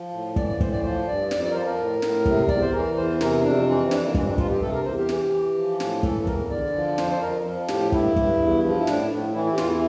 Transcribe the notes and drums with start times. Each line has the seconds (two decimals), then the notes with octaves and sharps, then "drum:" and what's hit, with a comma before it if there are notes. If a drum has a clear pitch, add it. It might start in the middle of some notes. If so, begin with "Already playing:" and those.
Already playing: F3
0.13 A2
0.36 E3 D5, drum: kick
0.48 D5
0.61 A2 C5, drum: kick
0.72 D5
0.83 F3 C5
1.07 G2 D5
1.31 F2 D5, drum: snare
1.43 D5
1.51 A#4
1.54 F3 C5
1.66 A#4
1.79 A2
2.02 A2, drum: snare
2.25 C3, drum: kick
2.48 E2 D5, drum: kick
2.61 C5
2.73 E3 A#4
2.97 E2 C5
3.21 C3 A#4, drum: snare
3.43 F2 D4
3.67 E3 C4
3.91 F2 D4, drum: snare
4.04 A#3
4.14 G2 C4, drum: kick
4.27 D4
4.38 G2 F4, drum: kick
4.50 G4
4.62 C3 A4
4.74 A#4
4.85 E2 C5
4.97 G4
5.09 E3, drum: snare
5.32 E3
5.56 F3
5.80 A2, drum: snare
6.03 E3 A4, drum: kick
6.23 A4
6.27 E2 A#4, drum: kick
6.50 D3 D5
6.75 F3
6.98 F2 C5, drum: snare
7.11 C5
7.21 F2 A#4
7.45 F3
7.68 A2 G4, drum: snare
7.92 G2 E4, drum: kick
8.16 G2, drum: kick
8.40 E2
8.64 F3
8.79 E4
8.87 A2 D4, drum: snare
9.11 A2
9.34 E3 E4
9.46 E4
9.53 G4
9.58 E2 F4, drum: snare
9.70 E4